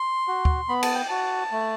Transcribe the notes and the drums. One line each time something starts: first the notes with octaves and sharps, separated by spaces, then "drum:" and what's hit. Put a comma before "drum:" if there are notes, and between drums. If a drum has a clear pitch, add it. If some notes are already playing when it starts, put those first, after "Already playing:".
Already playing: C6
F#4
drum: kick D2
B3 B5
A5, drum: cymbal
G5
F#4 A5
A3